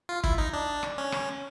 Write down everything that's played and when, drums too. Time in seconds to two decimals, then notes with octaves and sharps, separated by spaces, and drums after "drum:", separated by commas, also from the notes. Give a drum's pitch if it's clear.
0.09 F4
0.24 E4, drum: kick
0.38 D#4
0.54 D4
0.83 drum: rim click
0.98 C#4
1.12 drum: rim click